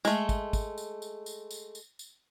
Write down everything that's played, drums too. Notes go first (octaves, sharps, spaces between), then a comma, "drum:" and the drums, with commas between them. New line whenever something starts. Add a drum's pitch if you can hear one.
G#3 A3, drum: tambourine
drum: kick, tambourine
drum: kick, tambourine
drum: tambourine
drum: tambourine
drum: tambourine
drum: tambourine
drum: tambourine
drum: tambourine